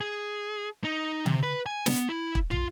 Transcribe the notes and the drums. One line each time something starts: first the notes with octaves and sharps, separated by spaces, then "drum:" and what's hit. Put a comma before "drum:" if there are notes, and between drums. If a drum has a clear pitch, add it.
G#4
D#4
C3, drum: tom D3
B4
G#5
B3, drum: snare
E4
drum: kick
F4, drum: tom